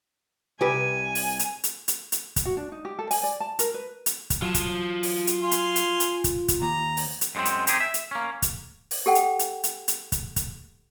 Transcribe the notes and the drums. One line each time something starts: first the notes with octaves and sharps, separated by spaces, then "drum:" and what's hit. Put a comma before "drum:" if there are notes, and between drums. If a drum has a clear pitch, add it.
C2 G4 B4 G#5
drum: open hi-hat
drum: hi-hat
drum: hi-hat
drum: hi-hat
drum: hi-hat
drum: kick, hi-hat
F#4
D4
D#4
G4
A4
G#5, drum: open hi-hat
D5
A5
A#4, drum: hi-hat
B4
drum: hi-hat
drum: kick, hi-hat
F#3 F4 A5
drum: kick, hi-hat
drum: open hi-hat
drum: hi-hat
F5 G#5 C6
drum: hi-hat
drum: hi-hat
drum: hi-hat
drum: kick, hi-hat
drum: kick, hi-hat
D#2 A#5
drum: open hi-hat
drum: hi-hat
F#2 G#3 A3 B3 C4
drum: hi-hat
C4 D#4 G4 G#4, drum: hi-hat
E5
drum: hi-hat
A#3 C#4
drum: kick, hi-hat
drum: open hi-hat
G4 A4 F#5 G5
drum: hi-hat
drum: hi-hat
drum: hi-hat
drum: hi-hat
drum: kick, hi-hat
drum: kick, hi-hat